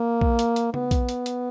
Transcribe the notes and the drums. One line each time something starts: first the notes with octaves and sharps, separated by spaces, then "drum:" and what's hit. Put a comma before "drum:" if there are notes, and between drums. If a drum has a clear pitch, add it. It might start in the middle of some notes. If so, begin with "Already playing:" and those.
Already playing: A#3
drum: kick
drum: hi-hat
drum: hi-hat
B3, drum: tom C#3
drum: kick, hi-hat
drum: hi-hat
drum: hi-hat